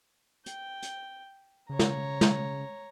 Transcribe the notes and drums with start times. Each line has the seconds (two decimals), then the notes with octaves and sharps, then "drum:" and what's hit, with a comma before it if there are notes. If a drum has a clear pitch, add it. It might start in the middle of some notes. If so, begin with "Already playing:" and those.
0.46 G5, drum: hi-hat
0.82 drum: hi-hat
1.69 C#3 C#5 A#5
1.79 drum: snare
2.21 drum: snare